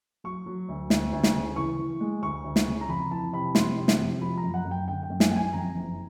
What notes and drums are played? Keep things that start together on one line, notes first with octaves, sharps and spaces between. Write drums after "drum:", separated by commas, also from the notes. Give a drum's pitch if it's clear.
F#3 C#6
F#3
D2
D2, drum: snare
D2
drum: snare
C#3
E3 C#6
E3
G#3
D2 C#6
D2
drum: snare
C#3
A#5
F2 B5
E3 A5
C3 B5
F2 C6, drum: snare
C3
drum: snare
F2
F3 B5
A#5
F#2
F#5
F#2
G5
D3 G5
G5
F#2
G#5, drum: snare
F#2 G5
G#5
F2 A#5
F#1